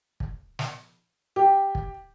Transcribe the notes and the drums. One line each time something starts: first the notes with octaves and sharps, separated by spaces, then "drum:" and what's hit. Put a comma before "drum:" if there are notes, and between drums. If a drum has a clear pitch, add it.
drum: kick
drum: snare
G4
drum: kick